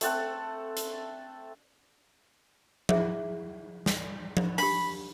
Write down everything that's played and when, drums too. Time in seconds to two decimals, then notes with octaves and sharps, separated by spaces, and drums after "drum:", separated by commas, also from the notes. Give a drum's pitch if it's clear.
0.01 A3 C4 A4 F#5, drum: hi-hat
0.77 drum: hi-hat
2.89 E4 G#4 E5, drum: tom F3
3.86 drum: snare
4.37 drum: tom F3
4.58 D4 G4 B5, drum: open hi-hat